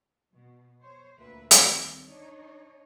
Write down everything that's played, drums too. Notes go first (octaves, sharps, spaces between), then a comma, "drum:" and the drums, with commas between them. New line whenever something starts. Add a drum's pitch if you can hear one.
B2
C5 C#5
D2 A#2 A#4 B4 E5
D#3 G3 C4, drum: hi-hat
D4 D#4 C#5 D#5